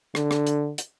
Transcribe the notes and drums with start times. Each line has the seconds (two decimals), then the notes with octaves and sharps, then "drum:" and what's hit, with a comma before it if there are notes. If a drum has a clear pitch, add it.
0.15 D3, drum: rim click
0.31 drum: rim click
0.47 drum: hi-hat
0.78 drum: hi-hat